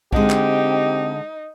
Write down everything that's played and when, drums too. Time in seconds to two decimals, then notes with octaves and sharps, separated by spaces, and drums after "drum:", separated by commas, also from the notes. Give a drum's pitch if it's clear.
0.12 D3 G#3 C4 D#4 G4, drum: kick B1
0.30 drum: clap